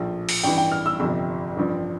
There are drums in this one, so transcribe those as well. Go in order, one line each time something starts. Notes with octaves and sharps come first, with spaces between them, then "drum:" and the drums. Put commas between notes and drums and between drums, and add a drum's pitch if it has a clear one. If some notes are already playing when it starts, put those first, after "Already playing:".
Already playing: A#1 A2 F3
drum: open hi-hat
A1 G2 E3 G5
G5
F6
E6
G1 F2 C3 F3
A1 G2 F3